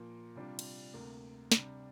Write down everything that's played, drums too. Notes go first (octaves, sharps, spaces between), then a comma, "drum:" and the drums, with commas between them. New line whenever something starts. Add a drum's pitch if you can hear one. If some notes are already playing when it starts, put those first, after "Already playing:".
Already playing: A#2 F3 A#3
C3 G3 D4 F4
drum: cymbal
D2 C3 A#3
C3 G3 D4, drum: snare